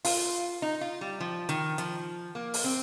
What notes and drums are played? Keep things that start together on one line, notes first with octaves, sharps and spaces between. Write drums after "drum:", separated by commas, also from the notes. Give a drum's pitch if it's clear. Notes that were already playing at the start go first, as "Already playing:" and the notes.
F4, drum: open hi-hat
D#4
F4
G3
F3
D#3, drum: hi-hat
F3, drum: hi-hat
A#3
drum: open hi-hat
C4